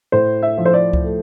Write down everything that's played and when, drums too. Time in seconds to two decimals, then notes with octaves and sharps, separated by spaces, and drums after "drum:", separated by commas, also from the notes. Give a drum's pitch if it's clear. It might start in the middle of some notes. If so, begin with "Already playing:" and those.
0.12 A2 C5
0.42 E5
0.58 F3
0.66 C5
0.74 D5
0.93 drum: kick C#2
1.04 A3